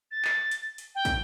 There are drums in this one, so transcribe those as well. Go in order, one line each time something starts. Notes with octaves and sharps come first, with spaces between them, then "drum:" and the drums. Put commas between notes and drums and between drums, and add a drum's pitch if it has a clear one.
A6
drum: clap
drum: hi-hat
drum: hi-hat
G5
drum: kick, hi-hat